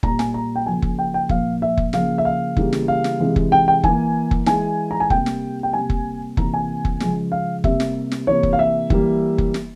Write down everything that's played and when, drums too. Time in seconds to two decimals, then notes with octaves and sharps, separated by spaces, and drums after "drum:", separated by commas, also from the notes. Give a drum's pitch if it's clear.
0.03 A#2 G3 A#3 A#5, drum: kick
0.19 G#5, drum: snare
0.34 A#5
0.56 G5
0.66 C#3 F3 A#3 G#5
0.82 drum: kick
0.99 G5
1.14 G5
1.29 A#2 F3 A#3 F5, drum: kick
1.62 E5
1.77 drum: kick
1.93 C#3 F3 A#3 F5, drum: snare
2.18 E5
2.25 F5
2.57 C#3 E3 G3 A#3, drum: kick
2.73 drum: snare
2.88 F5
3.04 drum: snare
3.20 C3 E3 G#3
3.36 drum: kick
3.52 G5
3.68 G5
3.84 E3 A#3 G#5, drum: kick
4.31 drum: kick
4.46 E3 G#3 G#5, drum: snare
4.91 A#5
5.00 G#5
5.10 C3 G3 A#3 G5, drum: kick
5.26 drum: snare
5.63 G5
5.73 C3 G3 A#3 G#5
5.90 drum: kick
6.37 C3 E3 A#3 A#5, drum: kick
6.54 G#5
6.85 drum: kick
7.00 C#3 F3 G#3, drum: snare
7.32 F5
7.64 C3 G3 A#3 E5, drum: kick
7.80 drum: snare
8.12 drum: snare
8.27 C3 E3 A#3 C#5
8.43 drum: kick
8.53 F5
8.59 E5
8.90 E3 G3 A#3, drum: kick
9.38 drum: kick
9.54 drum: snare